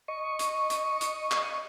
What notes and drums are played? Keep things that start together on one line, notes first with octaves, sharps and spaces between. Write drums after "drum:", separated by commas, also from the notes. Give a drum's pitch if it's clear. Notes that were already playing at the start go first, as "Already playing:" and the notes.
D#5 C#6
drum: hi-hat
drum: hi-hat
drum: hi-hat
drum: clap